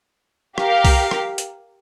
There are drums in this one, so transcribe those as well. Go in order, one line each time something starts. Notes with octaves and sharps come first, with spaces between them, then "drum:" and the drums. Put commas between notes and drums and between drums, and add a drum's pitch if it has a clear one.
G4 A#4 F5, drum: rim click
drum: kick C2, open hi-hat
drum: rim click
drum: hi-hat